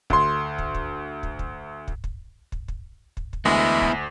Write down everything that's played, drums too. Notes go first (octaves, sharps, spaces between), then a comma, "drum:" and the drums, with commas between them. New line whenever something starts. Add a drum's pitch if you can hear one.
D2 C6, drum: kick
drum: kick
drum: kick
drum: kick
drum: kick
drum: kick
drum: kick
drum: kick
drum: kick
drum: kick
drum: kick
D2 G#3 B3 E4 E5 B5
drum: kick